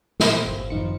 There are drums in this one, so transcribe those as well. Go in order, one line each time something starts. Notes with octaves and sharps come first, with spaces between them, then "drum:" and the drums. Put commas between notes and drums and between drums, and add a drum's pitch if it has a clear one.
G2 A#2 E3 B3 C4, drum: snare
D1 G1 A2
F#2 D#3 F3 D#4 C#7